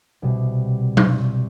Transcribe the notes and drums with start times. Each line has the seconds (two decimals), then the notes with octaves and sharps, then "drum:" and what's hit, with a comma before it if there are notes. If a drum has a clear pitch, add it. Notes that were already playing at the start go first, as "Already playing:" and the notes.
0.22 C2 B2 G3
0.97 drum: tom F#3